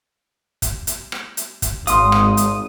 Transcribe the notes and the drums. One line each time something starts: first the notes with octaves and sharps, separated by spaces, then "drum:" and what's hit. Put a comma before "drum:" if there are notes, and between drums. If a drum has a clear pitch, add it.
drum: kick, hi-hat
drum: hi-hat
drum: rim click
drum: hi-hat
drum: kick, hi-hat
G#1 F5 C6 D#6, drum: hi-hat
drum: rim click
drum: hi-hat